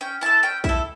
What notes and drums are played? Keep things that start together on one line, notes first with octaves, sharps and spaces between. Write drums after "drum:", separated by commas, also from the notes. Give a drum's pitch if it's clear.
C#4 G5
E4 A4 A5
C#4 G5
E4 A4 E5, drum: kick B1